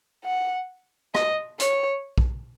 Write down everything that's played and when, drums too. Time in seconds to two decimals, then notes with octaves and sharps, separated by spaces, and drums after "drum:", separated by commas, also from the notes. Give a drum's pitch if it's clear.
0.25 F#5
1.15 D#5, drum: rim click
1.60 C#5, drum: hi-hat
2.18 drum: kick